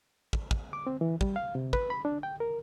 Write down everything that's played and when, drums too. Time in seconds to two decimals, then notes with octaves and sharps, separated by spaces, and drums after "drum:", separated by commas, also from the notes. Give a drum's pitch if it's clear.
0.33 drum: kick
0.51 drum: kick
0.73 D6
0.87 C4
1.01 E3
1.21 G3, drum: kick
1.36 F5
1.55 C3
1.73 B4, drum: kick
1.90 B5
2.05 D4
2.23 G5
2.40 A#4